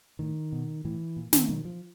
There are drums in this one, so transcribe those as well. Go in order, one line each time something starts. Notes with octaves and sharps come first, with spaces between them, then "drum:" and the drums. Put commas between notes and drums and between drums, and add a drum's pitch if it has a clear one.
A2 D#3
B2
A2 E3
A#2
D#3, drum: snare
B2 D#3
F3